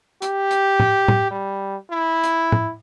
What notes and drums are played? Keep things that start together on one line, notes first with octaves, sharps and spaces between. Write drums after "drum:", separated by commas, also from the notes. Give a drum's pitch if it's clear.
G4, drum: hi-hat
drum: hi-hat
drum: tom
drum: tom
G3
E4
drum: hi-hat
drum: tom